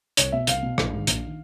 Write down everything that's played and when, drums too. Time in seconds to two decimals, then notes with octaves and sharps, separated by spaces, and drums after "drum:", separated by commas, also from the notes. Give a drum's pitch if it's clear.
0.17 C2 C#5, drum: hi-hat
0.32 B2 E5
0.47 C2 F5, drum: hi-hat
0.63 B2
0.78 A#1, drum: rim click
0.92 G#2 D#3
1.07 A#1, drum: hi-hat
1.26 D#3